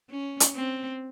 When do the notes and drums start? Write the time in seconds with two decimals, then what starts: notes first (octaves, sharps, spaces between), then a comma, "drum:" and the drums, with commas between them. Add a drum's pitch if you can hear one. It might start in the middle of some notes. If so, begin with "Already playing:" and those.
0.10 C#4
0.40 drum: hi-hat
0.56 C4